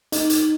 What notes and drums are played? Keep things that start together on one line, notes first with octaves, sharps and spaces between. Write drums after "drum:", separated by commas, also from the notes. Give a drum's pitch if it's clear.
D#4, drum: hi-hat
drum: hi-hat